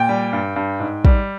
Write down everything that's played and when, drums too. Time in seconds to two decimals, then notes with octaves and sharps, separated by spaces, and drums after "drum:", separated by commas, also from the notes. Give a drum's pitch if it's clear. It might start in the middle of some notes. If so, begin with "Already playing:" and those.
Already playing: A#2 G5
0.09 G3
0.33 G2
0.56 G2
0.80 G#2
1.05 G3, drum: kick